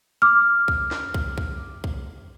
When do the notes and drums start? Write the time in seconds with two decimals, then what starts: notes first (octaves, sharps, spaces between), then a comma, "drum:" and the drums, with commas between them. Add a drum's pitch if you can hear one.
0.22 D6 F6
0.68 drum: kick
0.91 drum: snare
1.14 drum: kick
1.38 drum: kick
1.84 drum: kick